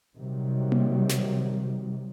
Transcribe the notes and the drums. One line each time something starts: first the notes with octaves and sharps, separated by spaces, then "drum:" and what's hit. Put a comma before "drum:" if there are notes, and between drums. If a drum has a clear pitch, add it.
C3 D#3 F#3 G3
drum: tom A#3
drum: snare